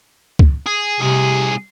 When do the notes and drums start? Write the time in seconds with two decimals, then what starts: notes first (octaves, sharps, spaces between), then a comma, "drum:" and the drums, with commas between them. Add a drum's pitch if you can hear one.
0.39 drum: kick C#2
0.66 G#4
1.00 C2 C3 G#4